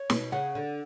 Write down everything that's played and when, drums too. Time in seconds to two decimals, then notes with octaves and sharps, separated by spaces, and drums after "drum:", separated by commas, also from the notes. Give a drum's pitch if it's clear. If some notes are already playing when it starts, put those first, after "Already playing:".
Already playing: C#5
0.10 B2, drum: snare
0.32 C#3 F#5
0.55 D3